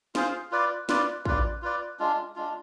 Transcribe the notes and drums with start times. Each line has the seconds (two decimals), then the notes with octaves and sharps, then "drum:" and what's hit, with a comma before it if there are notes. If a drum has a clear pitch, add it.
0.15 F4 G#4 C5 F5, drum: snare
0.52 F4 B4 D5
0.89 F4 B4 D5, drum: snare
1.25 F4 B4 D5, drum: kick
1.62 F4 B4 D5
1.99 G#3 D4 F4
2.36 G#3 D4 F4